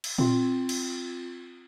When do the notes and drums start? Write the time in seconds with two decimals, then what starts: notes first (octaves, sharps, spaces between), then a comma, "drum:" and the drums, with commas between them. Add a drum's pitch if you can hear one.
0.04 drum: cymbal
0.18 C4 F4, drum: tom A#2
0.69 drum: cymbal